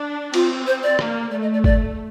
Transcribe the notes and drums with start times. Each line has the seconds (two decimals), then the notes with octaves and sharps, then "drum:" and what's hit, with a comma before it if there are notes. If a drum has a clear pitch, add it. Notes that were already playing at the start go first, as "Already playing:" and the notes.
Already playing: D4
0.34 C4 F4, drum: cymbal
0.67 C5
0.83 D5
0.99 A#3, drum: rim click
1.31 A3 D5
1.42 D#5
1.53 D5
1.64 D5, drum: kick